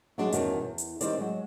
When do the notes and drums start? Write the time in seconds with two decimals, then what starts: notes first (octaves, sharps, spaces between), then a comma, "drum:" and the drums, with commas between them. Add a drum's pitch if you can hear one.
0.18 F#3 G#3 D4 F#4 G#4
0.32 E2 G2 B2 D#3 C#4 F#4, drum: hi-hat
0.61 E2
0.78 drum: hi-hat
1.01 D#3 G3 C4 D5, drum: hi-hat
1.18 F#3 G#3